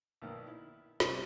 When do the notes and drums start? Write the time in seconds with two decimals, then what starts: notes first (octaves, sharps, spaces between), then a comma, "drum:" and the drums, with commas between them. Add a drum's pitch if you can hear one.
0.22 B1 A#2 D#3
0.48 E4
1.00 C3 G3 C#4 D4, drum: snare